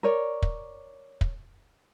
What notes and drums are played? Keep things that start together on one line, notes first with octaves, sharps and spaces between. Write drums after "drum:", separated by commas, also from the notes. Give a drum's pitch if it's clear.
A#4 C#5 D5
drum: kick
drum: kick